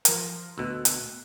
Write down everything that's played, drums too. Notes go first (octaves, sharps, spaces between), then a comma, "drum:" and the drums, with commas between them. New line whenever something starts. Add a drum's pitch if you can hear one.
F3 A#4, drum: hi-hat
D2 B2 E6 F#6
drum: hi-hat